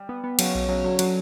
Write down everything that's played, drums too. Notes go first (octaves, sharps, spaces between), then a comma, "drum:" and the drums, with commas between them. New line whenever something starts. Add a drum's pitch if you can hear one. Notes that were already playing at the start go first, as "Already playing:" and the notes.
Already playing: G3
B3
B3
C#3 F#3, drum: cymbal
B1 B2
C#3 F#3
D3 F#3
F#3, drum: cymbal